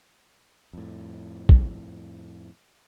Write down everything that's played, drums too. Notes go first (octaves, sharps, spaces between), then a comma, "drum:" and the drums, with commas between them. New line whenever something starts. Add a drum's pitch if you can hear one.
F2 A2
drum: kick